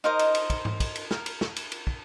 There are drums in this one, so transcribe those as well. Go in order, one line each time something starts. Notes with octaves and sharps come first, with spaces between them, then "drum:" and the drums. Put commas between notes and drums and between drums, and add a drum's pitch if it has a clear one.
D#4 A#4 C5 D#5
drum: cymbal
drum: cymbal
drum: kick, cymbal
drum: tom G#2
drum: kick, cymbal
drum: cymbal
A#4, drum: snare
drum: cymbal
drum: snare
drum: cymbal
drum: cymbal
drum: kick